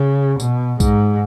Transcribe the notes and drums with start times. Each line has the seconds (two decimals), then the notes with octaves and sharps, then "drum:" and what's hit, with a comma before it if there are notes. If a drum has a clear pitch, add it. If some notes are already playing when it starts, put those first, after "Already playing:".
Already playing: C#3
0.40 B2, drum: tambourine
0.80 G#2, drum: kick, tambourine